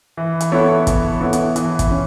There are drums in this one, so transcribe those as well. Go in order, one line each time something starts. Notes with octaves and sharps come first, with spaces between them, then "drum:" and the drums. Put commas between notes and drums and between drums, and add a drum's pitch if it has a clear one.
E3
drum: hi-hat
B3 E4 A4 C#5
E3, drum: kick, hi-hat
B3 E4 A4 C#5
drum: hi-hat
E3, drum: hi-hat
drum: kick, hi-hat
C#4